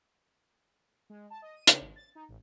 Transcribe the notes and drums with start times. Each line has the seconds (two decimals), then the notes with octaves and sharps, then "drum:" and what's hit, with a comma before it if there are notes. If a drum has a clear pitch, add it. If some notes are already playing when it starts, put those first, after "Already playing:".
1.10 G#3
1.30 A5
1.42 D#5
1.54 D#7
1.67 C#3, drum: hi-hat
1.81 G#1
1.96 A6
2.15 D#4
2.29 A1